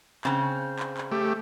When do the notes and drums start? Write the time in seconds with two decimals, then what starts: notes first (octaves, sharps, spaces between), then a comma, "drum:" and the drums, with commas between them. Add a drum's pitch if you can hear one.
0.25 C#3 C4, drum: clap
0.79 drum: clap
0.98 drum: clap
1.11 A3 G4